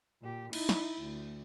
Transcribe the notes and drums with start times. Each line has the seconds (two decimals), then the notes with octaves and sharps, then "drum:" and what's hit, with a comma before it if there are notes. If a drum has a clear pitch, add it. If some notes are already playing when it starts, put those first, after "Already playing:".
0.22 A#2 G4
0.53 D#4 E4, drum: cymbal
0.69 drum: snare
1.01 D2